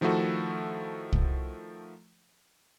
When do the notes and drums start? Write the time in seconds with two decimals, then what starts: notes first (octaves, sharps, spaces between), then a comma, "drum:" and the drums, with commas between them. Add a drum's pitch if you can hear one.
0.01 D#3 F3 A3 E4 F#4 A4
1.13 drum: kick